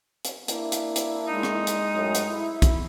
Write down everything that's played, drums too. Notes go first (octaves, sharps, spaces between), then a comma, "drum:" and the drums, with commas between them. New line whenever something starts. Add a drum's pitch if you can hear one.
drum: hi-hat
A#3 D4 E4, drum: hi-hat
drum: hi-hat
drum: hi-hat
G#3 D#4
drum: rim click
drum: hi-hat
F#2 A2
drum: hi-hat
E4
drum: kick, hi-hat